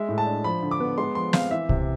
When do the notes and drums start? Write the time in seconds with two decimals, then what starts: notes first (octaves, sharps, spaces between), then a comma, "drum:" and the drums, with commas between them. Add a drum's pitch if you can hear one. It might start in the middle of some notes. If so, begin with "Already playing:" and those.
Already playing: G#3 E5
0.09 A2
0.18 A5
0.26 D4
0.44 F3 B5
0.63 D3
0.71 D6
0.80 B3
0.98 G#3 C6
1.15 F3 C6
1.33 C4 F5, drum: snare
1.51 E3 E5
1.69 C3, drum: kick